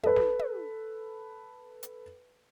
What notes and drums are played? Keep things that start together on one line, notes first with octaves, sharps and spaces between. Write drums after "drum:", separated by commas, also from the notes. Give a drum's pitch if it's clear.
A4 B4, drum: tom
drum: snare
drum: tom
drum: hi-hat